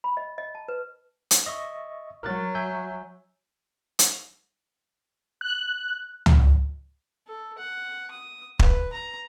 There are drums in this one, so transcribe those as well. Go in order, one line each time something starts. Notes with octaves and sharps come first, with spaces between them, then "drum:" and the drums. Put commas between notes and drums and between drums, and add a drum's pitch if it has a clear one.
B5
D#5
D#5
A5
B4
drum: hi-hat
D#5 E5 C#6
F#3 A#4 F#6 A6
E5 G#5 G6
drum: hi-hat
F#6
drum: tom C#2
A4
F#5
D#6
B4, drum: kick
A#5